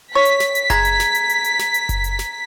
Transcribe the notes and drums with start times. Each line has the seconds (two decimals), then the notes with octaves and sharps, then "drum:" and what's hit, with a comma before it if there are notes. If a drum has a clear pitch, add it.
0.15 C#5 B6
0.25 drum: hi-hat
0.40 drum: snare
0.55 drum: hi-hat
0.70 G#3 A#5 G#6, drum: kick F#1, hi-hat
0.85 drum: hi-hat
1.00 drum: snare
1.15 drum: hi-hat
1.29 drum: hi-hat
1.44 drum: hi-hat
1.59 drum: snare
1.74 drum: hi-hat
1.89 drum: kick F#1, hi-hat
2.04 drum: hi-hat
2.19 drum: snare